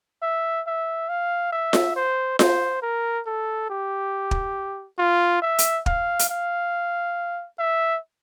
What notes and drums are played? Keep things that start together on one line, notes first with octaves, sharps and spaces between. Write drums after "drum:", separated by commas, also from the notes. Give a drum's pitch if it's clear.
E5
E5
F5
E5
drum: snare F4
C5
C5, drum: snare F4
A#4
A4
G4
drum: kick
F4
E5
drum: hi-hat
F5, drum: kick
drum: hi-hat
F5
E5